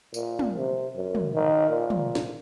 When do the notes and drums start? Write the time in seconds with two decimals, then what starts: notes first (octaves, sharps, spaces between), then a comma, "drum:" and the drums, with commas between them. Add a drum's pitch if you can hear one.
0.14 A#2, drum: tambourine
0.39 drum: tom
0.57 C3
0.97 F#2
1.15 drum: tom
1.34 D#3
1.69 A#2
1.90 drum: tom
2.15 drum: snare